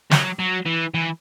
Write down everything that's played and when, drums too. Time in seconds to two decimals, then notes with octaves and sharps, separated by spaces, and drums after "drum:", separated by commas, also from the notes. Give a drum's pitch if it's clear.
0.11 F#3, drum: snare
0.39 F#3
0.66 E3
0.94 E3